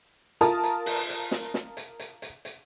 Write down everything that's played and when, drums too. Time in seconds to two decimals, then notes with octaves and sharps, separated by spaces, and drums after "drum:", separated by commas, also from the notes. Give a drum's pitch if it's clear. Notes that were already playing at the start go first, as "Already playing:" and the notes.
0.41 F4 A#4 A5 D#6, drum: hi-hat
0.63 drum: hi-hat
0.86 drum: open hi-hat
1.09 drum: hi-hat
1.31 drum: snare
1.54 drum: snare
1.77 drum: hi-hat
1.99 drum: hi-hat
2.22 drum: hi-hat
2.45 drum: hi-hat